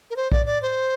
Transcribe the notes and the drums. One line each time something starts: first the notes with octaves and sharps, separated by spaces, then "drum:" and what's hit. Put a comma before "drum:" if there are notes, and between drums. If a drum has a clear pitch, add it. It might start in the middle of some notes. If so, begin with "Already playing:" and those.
A#4
C5
D5, drum: kick
D5
C5